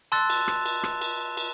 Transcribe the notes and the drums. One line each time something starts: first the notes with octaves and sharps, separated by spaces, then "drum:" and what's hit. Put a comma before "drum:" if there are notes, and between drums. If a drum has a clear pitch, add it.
A5 C6 E6 F#6 A6
drum: cymbal
drum: rim click
drum: cymbal
drum: rim click
drum: cymbal
drum: cymbal